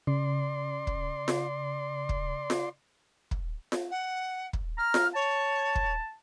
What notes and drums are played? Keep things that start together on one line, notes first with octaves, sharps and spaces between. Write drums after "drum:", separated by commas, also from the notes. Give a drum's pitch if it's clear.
C#3 D5 C6
drum: kick
drum: snare F4
drum: kick
drum: snare F4
drum: kick
drum: snare F4
F#5
drum: kick
A#5 F6
drum: snare F4
C#5 A5
drum: kick